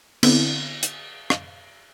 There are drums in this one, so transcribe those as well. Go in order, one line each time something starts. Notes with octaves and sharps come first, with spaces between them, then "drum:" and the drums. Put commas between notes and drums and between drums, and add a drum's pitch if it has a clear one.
D3 B3 C4 E4, drum: cymbal
drum: hi-hat
drum: rim click